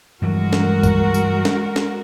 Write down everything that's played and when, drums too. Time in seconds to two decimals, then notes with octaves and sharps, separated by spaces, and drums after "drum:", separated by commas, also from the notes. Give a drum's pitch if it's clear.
0.22 G2 E3 F#3 G#3 F#4 A#4
0.53 drum: snare
0.83 drum: kick, tambourine
1.14 drum: tambourine
1.45 drum: snare
1.76 drum: snare